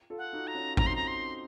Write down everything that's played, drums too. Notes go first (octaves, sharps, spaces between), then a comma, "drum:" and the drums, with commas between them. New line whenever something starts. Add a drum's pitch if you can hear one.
F4 A4
F#5
D#4 F#4
A#5
C#4 F4
C4 D#4 A#5, drum: kick G#1
C6
A#5
C6